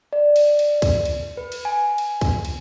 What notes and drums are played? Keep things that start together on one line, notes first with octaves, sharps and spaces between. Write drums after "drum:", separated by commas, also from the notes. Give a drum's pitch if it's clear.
D5
drum: cymbal
drum: cymbal
drum: kick, cymbal
drum: cymbal
B4
drum: cymbal
G#5
drum: cymbal
drum: kick, cymbal
drum: cymbal